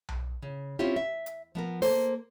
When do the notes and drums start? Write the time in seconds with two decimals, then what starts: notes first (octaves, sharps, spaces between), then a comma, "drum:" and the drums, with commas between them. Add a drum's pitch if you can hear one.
0.09 drum: tom B1
0.42 C#3
0.79 C4 C#4 E4 F4 G4
0.96 E5
1.26 drum: hi-hat
1.55 F3 B3 A#4
1.82 A#3 A4 C5, drum: open hi-hat